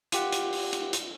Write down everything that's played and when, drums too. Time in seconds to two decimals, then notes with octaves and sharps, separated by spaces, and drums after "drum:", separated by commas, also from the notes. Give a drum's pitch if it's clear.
0.12 F4 G4 F#5, drum: hi-hat
0.33 drum: hi-hat
0.53 drum: open hi-hat
0.73 drum: hi-hat
0.93 drum: hi-hat